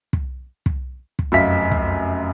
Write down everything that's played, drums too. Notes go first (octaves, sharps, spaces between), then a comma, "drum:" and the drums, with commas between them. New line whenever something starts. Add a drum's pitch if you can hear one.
drum: kick
drum: kick
drum: kick
F1 F#2 E5 F5 B6
drum: kick